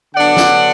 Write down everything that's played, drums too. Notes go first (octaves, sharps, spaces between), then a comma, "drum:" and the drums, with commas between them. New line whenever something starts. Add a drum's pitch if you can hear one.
D3 F#3 B3 D4 D5 F#5
drum: snare